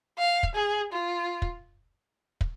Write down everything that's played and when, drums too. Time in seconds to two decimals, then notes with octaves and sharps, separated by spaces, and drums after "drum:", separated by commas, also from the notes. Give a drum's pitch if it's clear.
0.18 F5
0.43 drum: kick
0.55 G#4
0.93 F4
1.42 drum: kick
2.41 drum: kick